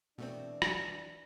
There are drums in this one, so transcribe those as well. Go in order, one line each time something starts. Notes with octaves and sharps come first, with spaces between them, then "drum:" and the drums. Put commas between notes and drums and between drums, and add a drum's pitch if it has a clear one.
B2 E3 A3 C4 D4
drum: rim click